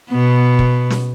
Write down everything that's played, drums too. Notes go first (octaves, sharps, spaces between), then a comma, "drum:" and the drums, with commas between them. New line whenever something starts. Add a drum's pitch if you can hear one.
B2 B3
drum: kick
drum: snare